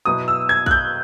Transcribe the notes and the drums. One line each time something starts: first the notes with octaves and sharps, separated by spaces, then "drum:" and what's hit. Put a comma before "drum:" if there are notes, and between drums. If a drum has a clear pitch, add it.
B2 F#3 B3 E4 D#6
E6
G#6
F#6, drum: kick B1
G6